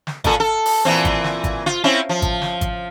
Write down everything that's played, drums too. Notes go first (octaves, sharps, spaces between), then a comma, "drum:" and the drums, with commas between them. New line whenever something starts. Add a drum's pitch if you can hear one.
drum: snare
A#2 A4, drum: kick G#1, hi-hat
A4
drum: open hi-hat
A#2 E3 C4
drum: kick G#1, hi-hat
drum: snare
drum: kick G#1, hi-hat
F4, drum: snare
C4 C#4 E4
F3
drum: kick G#1, hi-hat
drum: snare
drum: kick G#1, hi-hat